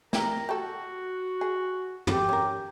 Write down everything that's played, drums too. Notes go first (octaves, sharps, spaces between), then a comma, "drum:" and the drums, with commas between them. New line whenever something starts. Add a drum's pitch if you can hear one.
E4 G4 A#4 A#5, drum: snare
F#4 G4 A4
G#4
G4, drum: tom
C#4 A#4